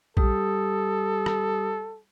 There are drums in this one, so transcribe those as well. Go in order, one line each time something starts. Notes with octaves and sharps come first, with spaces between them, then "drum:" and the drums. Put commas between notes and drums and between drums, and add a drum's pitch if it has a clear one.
G3 G4 A4 D#6, drum: kick A#1
drum: rim click